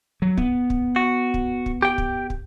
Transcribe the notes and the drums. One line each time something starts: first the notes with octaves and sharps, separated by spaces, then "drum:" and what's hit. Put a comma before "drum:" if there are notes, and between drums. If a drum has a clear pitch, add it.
F#3
B3, drum: kick
drum: kick
F#4
drum: kick
drum: kick
G4 G5
drum: kick
drum: kick